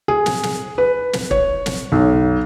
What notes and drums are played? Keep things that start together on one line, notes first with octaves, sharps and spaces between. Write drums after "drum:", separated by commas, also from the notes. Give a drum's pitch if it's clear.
G#4
drum: snare
drum: snare
B4
drum: snare
C#5, drum: kick
drum: snare
B1